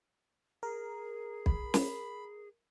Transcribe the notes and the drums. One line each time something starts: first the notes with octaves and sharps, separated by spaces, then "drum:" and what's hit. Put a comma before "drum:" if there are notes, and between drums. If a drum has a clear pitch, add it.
G#4 A#4
B5, drum: kick B1
drum: snare